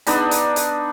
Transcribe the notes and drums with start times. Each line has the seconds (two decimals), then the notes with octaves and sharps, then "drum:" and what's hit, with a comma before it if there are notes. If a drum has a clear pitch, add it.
0.07 B3 D4 D#4 B5, drum: hi-hat
0.31 drum: hi-hat
0.56 drum: hi-hat